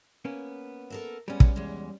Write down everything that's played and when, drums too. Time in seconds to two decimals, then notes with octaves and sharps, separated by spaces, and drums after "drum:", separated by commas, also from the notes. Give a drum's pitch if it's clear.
0.25 A#3 B3 C#4
0.90 A4 A#4 E5
1.28 G3 G#3 B3 C#4
1.40 drum: kick
1.56 E2 G#3